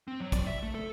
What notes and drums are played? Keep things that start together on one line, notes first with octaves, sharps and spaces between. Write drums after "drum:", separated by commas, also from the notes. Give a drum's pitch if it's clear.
C4
F#3
D5, drum: kick, hi-hat
E5
A3
A4